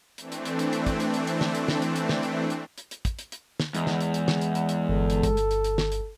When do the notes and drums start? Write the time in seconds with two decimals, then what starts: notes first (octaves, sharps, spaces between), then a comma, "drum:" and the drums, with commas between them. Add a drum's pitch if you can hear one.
0.18 E3 A3 C4 D4, drum: hi-hat
0.32 drum: hi-hat
0.45 drum: hi-hat
0.59 drum: hi-hat
0.73 drum: hi-hat
0.86 drum: kick, hi-hat
1.00 drum: hi-hat
1.14 drum: hi-hat
1.27 drum: hi-hat
1.41 drum: snare
1.55 drum: hi-hat
1.68 drum: snare
1.82 drum: hi-hat
1.96 drum: hi-hat
2.09 drum: snare
2.23 drum: hi-hat
2.50 drum: hi-hat
2.78 drum: hi-hat
2.91 drum: hi-hat
3.05 drum: kick, hi-hat
3.19 drum: hi-hat
3.32 drum: hi-hat
3.60 drum: snare
3.74 E2 G#3, drum: hi-hat
3.87 drum: snare
4.01 drum: hi-hat
4.14 drum: hi-hat
4.28 drum: snare
4.41 drum: hi-hat
4.55 drum: hi-hat
4.69 drum: hi-hat
4.89 G1 A4
5.10 drum: hi-hat
5.23 drum: kick, hi-hat
5.37 drum: hi-hat
5.51 drum: hi-hat
5.64 drum: hi-hat
5.78 drum: snare
5.92 drum: hi-hat